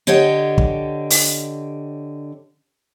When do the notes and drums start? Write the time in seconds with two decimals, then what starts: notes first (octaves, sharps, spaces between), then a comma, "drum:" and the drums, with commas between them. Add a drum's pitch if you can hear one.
0.07 D3 G4 C#5 D#5 F#5 G5
0.58 drum: kick
1.10 drum: open hi-hat